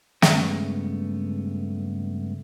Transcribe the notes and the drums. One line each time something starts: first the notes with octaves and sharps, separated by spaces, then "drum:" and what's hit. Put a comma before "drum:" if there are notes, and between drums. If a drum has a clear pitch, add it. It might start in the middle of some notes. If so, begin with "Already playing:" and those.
G2 C#3 G#3 A3 B3, drum: snare